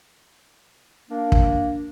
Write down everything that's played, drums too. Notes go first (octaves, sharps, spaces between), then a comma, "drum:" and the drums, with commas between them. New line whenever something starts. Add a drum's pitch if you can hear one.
A#3 D4
drum: kick